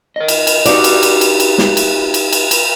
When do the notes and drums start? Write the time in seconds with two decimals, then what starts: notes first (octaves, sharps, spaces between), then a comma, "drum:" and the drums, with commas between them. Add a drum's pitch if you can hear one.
0.16 A#4 D#5
0.28 drum: cymbal
0.47 drum: cymbal
0.66 D#4 F#4 G4 B4 D5, drum: cymbal
0.84 drum: cymbal
1.03 drum: cymbal
1.21 drum: cymbal
1.40 drum: cymbal
1.58 drum: snare
1.77 drum: cymbal
2.14 drum: cymbal
2.32 drum: cymbal
2.51 drum: cymbal